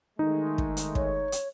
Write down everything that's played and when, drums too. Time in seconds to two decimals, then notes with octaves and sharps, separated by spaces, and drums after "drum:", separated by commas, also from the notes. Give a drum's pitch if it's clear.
0.19 D#3 G#3 A3 D#4
0.58 drum: kick
0.77 drum: hi-hat
0.95 C#5, drum: kick
1.32 drum: hi-hat